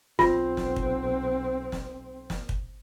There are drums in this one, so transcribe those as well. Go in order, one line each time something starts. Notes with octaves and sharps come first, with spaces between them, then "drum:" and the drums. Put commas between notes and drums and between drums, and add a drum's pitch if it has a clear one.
B1 C4 F4, drum: snare
drum: snare
drum: kick
drum: snare
drum: snare
drum: kick